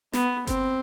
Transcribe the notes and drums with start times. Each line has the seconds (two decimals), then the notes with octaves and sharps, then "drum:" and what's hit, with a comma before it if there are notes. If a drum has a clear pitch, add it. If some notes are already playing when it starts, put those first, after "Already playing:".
0.13 B3, drum: snare
0.47 C4, drum: kick G1, hi-hat